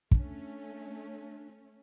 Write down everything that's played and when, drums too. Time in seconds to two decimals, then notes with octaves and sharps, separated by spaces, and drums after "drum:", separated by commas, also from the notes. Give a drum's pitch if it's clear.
0.11 A3 C#4 D4, drum: kick